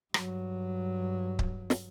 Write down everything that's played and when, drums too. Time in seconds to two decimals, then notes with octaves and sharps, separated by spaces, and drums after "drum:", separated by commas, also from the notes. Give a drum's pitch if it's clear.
0.14 G2 F#3, drum: rim click
1.39 drum: kick C#1
1.70 drum: snare